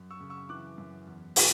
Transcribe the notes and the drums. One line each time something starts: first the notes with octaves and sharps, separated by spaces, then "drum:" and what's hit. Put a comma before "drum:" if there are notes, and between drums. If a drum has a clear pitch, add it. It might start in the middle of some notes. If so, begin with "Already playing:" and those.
Already playing: F#2
C#6 E6
C#3
C#6 E6
E3 D6 F#6
F#2
E2
B2, drum: open hi-hat